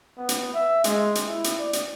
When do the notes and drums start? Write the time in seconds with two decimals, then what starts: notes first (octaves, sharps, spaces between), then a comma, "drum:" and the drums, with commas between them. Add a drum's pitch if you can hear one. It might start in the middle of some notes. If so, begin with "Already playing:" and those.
0.18 B3
0.29 drum: hi-hat
0.54 E5
0.84 G#3, drum: hi-hat
1.15 drum: hi-hat
1.27 E4
1.44 drum: hi-hat
1.59 D5
1.73 drum: hi-hat